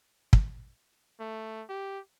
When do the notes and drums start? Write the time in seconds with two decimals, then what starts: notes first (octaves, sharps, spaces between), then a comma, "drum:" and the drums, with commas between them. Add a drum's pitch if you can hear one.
0.33 drum: kick
1.20 A3
1.69 G4